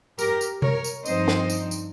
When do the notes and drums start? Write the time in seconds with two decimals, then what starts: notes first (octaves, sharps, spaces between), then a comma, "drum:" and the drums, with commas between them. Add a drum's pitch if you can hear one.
0.19 G4 A#4, drum: tambourine
0.41 drum: tambourine
0.62 A#4 C#5, drum: tom C3
0.84 drum: tambourine
1.06 G2 F3 C4 D#4 C5 D#5, drum: tambourine
1.28 drum: snare
1.50 drum: tambourine
1.71 drum: tambourine